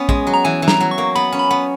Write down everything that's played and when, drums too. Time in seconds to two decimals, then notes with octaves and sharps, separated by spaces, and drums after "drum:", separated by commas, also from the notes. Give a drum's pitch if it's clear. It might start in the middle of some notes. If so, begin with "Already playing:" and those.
Already playing: B3 C#4
0.09 G#3, drum: kick
0.27 F#3
0.34 A#5
0.44 E3 G#5
0.62 E3
0.68 A#5, drum: snare
0.80 F#3
0.91 C#6
0.98 A#3
1.15 B3 B5
1.32 C#4
1.39 B5
1.51 B3